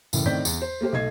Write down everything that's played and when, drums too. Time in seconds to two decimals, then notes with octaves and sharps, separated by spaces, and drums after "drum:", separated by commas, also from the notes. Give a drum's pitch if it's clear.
0.13 F#1 A2 E3, drum: tambourine
0.26 A2 D#3 C4 D5 G6 B6
0.45 E2, drum: tambourine
0.62 C5
0.81 A3 A#3 G4 C5
0.93 B1 A3 D#5 G#6 C7